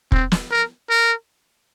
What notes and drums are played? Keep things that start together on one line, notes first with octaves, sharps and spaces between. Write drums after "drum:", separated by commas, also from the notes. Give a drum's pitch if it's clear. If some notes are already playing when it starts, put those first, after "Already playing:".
C4, drum: kick
drum: snare
A#4
A#4